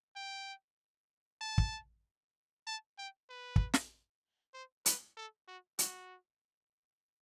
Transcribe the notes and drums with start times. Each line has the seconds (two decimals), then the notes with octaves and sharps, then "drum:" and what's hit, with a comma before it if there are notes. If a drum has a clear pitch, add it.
0.16 G5
1.41 A5
1.58 drum: kick
2.67 A5
2.98 G5
3.30 B4
3.56 drum: kick
3.74 drum: snare
4.54 C5
4.86 B4, drum: hi-hat
5.17 A4
5.48 F#4
5.79 F#4, drum: hi-hat